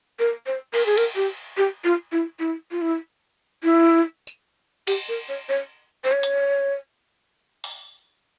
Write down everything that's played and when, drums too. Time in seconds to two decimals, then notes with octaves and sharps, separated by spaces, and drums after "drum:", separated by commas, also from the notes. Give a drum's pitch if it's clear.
0.19 A#4
0.46 C5
0.74 A#4, drum: cymbal
0.86 G#4
0.97 A#4, drum: cymbal
1.15 G4
1.57 G4
1.85 F4
2.12 E4
2.39 E4
2.71 F4
2.81 E4
3.64 E4
4.27 drum: tambourine
4.87 G4, drum: cymbal
5.09 A#4
5.29 C#5
5.49 C#5
6.04 C5
6.12 C#5
6.23 drum: hi-hat
7.64 drum: open hi-hat